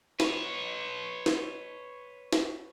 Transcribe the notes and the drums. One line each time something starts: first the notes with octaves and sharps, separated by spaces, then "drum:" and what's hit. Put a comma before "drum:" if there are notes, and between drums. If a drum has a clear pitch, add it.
B4 C#5, drum: snare
drum: snare
drum: snare